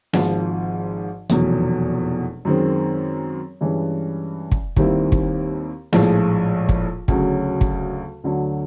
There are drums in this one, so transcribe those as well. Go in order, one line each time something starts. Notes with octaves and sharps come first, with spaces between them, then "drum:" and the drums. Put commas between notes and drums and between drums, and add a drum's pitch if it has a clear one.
G#1 G#2 F3, drum: snare
F1 E2 B2 F#3, drum: hi-hat
F#2 D#3 G#3 C4
G2 E3 G#3 C#4
drum: kick
D#2 D#3 G3 C4 E4, drum: kick
drum: kick
A#1 A2 F3 G#3, drum: snare
drum: kick
D2 C#3 F#3, drum: kick
drum: kick
D2 D3 F#3